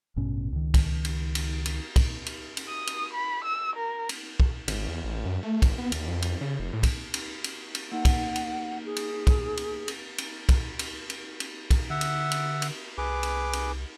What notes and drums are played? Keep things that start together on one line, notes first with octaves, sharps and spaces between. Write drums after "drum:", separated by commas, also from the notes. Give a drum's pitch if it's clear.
A1 G2 B2 C#4
C#2 D#3
drum: kick, cymbal
drum: cymbal
drum: cymbal
drum: cymbal
drum: kick, cymbal
drum: cymbal
drum: cymbal
D#6
drum: cymbal
B5
E6
A#4
drum: cymbal
drum: kick
G#1, drum: cymbal
E2
A1
F#2
A3
G#1, drum: kick, cymbal
B3
D#2, drum: cymbal
F2
drum: cymbal
C#3
F1
A2
drum: kick, cymbal
drum: cymbal
drum: cymbal
drum: cymbal
A#3 D#4 F#5
drum: kick, cymbal
drum: cymbal
G#4
drum: cymbal
drum: kick, cymbal
drum: cymbal
drum: cymbal
drum: cymbal
drum: kick, cymbal
drum: cymbal
drum: cymbal
drum: cymbal
drum: kick, cymbal
D3 E5 F#5
drum: cymbal
drum: cymbal
drum: cymbal
C2 G#4 B4 D6
drum: cymbal
drum: cymbal